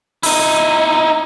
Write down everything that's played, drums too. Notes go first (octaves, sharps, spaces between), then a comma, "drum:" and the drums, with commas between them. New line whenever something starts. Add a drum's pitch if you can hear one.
D#4 E4, drum: open hi-hat